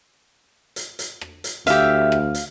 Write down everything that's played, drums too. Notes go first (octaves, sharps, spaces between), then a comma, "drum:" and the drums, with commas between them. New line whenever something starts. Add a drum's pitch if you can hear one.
drum: hi-hat
drum: hi-hat
drum: rim click
drum: hi-hat
D2 G4 E5 F5, drum: hi-hat
drum: rim click
drum: hi-hat